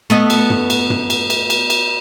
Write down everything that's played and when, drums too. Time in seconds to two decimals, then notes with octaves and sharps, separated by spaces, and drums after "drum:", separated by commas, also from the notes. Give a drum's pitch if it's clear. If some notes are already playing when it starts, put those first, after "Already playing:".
0.10 A3 B3 D#5
0.30 drum: cymbal
0.50 drum: tom
0.70 drum: cymbal
0.90 drum: tom
1.10 drum: cymbal
1.30 drum: cymbal
1.50 drum: cymbal
1.70 drum: cymbal